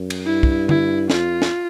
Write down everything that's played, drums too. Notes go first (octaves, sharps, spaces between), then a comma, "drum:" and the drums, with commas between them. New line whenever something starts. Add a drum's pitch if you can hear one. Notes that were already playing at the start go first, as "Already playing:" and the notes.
Already playing: F#2
drum: cymbal
G2 E4
drum: kick
E4, drum: tom D3
F2 F4, drum: snare
drum: snare